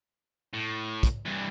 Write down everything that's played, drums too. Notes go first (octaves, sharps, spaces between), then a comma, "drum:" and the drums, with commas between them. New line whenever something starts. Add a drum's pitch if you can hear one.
A2
drum: kick, hi-hat
G2 E3